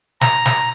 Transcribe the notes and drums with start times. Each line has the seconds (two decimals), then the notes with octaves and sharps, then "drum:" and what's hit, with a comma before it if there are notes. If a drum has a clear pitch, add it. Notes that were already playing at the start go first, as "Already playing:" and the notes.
0.21 A#5, drum: snare
0.46 drum: snare